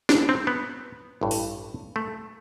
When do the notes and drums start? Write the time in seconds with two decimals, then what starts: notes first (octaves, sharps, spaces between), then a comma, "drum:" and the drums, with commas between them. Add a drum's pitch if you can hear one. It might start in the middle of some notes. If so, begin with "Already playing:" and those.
0.09 D4, drum: snare
0.29 C4
0.47 B3
1.21 A1 G2 E3
1.31 drum: open hi-hat
1.96 A3